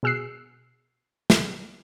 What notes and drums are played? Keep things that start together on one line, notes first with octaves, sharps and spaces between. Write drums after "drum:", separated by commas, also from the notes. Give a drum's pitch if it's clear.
B2 G#4 E6 F#6 C7
drum: snare